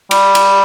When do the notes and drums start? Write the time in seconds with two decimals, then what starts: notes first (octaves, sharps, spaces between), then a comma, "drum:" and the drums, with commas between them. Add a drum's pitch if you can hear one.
0.11 G3, drum: cymbal
0.35 drum: cymbal